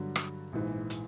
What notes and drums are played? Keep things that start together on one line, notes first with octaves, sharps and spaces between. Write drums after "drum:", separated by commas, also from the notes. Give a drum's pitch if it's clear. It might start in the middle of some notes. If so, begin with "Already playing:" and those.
Already playing: G2 D3 F#3
drum: rim click
A#1 G#2 E3
drum: hi-hat